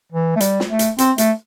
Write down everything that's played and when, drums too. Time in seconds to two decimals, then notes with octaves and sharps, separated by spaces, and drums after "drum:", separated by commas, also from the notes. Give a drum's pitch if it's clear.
0.12 E3
0.36 A3
0.40 G3, drum: hi-hat
0.60 drum: snare
0.70 A3
0.79 drum: hi-hat
0.98 C4, drum: hi-hat
1.18 A3, drum: hi-hat